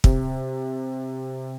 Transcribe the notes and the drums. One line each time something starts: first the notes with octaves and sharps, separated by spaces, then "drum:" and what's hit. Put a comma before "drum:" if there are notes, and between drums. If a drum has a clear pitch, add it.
C3, drum: kick